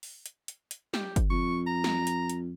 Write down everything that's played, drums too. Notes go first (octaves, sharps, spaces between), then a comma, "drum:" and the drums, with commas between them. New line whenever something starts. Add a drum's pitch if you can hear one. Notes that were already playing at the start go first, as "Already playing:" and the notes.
drum: open hi-hat
drum: hi-hat
drum: hi-hat
drum: hi-hat
G4, drum: snare
drum: kick G1, hi-hat
F2 C#6
A#5
drum: snare
drum: hi-hat
drum: hi-hat